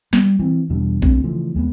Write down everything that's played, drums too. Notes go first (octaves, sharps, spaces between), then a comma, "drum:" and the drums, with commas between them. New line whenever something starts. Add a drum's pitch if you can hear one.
G3, drum: snare
E3 C4
E2 B2 D3 G3
C#2 D3 A3 C4, drum: kick B1
C#3 E3 F3 A3
D#2 G#3 A3 B3